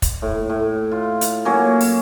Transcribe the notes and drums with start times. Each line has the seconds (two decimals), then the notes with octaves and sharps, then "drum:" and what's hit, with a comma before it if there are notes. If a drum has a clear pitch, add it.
0.02 drum: kick, hi-hat
0.22 A2
0.49 A2
0.91 F4
1.21 drum: hi-hat
1.45 F#3 A#3 C#4
1.81 drum: open hi-hat